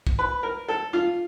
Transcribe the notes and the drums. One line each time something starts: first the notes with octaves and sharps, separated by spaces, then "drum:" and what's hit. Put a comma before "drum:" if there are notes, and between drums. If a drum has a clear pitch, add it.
drum: kick
B4
A#4
A4
F4